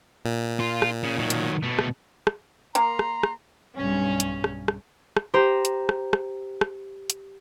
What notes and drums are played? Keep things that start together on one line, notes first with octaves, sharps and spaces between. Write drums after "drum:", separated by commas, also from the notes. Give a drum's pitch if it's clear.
A#2
F4
drum: rim click
C#3
D#3 F#3
drum: hi-hat
B2 A3
drum: rim click
drum: rim click
A#3 A#4 A#5 C6, drum: hi-hat
drum: rim click
drum: rim click
B1 G2 C#4
drum: hi-hat
drum: rim click
drum: rim click
drum: rim click
G4 C5 A#5
drum: hi-hat
drum: rim click
drum: rim click
drum: rim click
drum: hi-hat